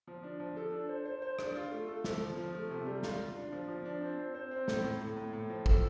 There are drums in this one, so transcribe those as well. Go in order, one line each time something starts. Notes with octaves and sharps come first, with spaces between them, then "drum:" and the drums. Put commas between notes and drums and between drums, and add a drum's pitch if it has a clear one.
F3
D4
F3
A4
D4
C5
C5
C5
D4, drum: rim click
F4
A3
A4
F3, drum: snare
F3
F3
A3
C3
G3
F4, drum: snare
F4
D4
F3
F3
D4
C4
C4
C5
C4
A2, drum: snare
A2
A2
A2
A2
F3
A4, drum: kick